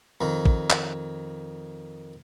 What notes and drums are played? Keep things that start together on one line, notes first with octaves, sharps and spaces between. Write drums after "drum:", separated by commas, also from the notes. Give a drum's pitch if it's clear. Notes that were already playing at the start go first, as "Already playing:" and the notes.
F2 D#3
drum: kick
drum: clap